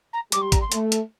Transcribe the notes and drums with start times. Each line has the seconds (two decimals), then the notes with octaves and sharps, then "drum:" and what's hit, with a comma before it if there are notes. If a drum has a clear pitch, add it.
0.13 A#5
0.32 G3 D6, drum: hi-hat
0.42 C6
0.52 A#5, drum: kick, hi-hat
0.61 C6
0.72 A3, drum: hi-hat
0.92 drum: hi-hat